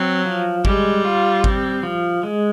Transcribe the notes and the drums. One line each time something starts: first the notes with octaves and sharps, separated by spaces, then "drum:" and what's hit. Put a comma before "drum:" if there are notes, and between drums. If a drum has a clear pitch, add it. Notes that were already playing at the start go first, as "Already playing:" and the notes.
Already playing: F#3 C4
F3
G3 G#3, drum: kick G#1
F4
C4, drum: kick G#1
F3
G#3